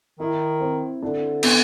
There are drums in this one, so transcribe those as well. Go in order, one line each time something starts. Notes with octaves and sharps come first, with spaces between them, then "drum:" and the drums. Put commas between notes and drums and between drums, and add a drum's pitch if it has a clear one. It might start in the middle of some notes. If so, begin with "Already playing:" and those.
D#3 E4
C4
D3 D4
B3, drum: cymbal